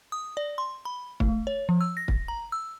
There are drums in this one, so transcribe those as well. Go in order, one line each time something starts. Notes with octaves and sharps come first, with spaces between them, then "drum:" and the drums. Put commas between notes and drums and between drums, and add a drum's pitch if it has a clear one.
D#6
D5
C6
B5
A3, drum: kick
C#5
F3
E6
A#6
drum: kick
A#5
E6